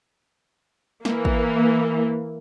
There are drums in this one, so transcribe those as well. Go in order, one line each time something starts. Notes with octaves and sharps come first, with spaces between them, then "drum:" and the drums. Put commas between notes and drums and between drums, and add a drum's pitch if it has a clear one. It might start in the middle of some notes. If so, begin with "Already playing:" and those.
E3 A#3, drum: snare
drum: kick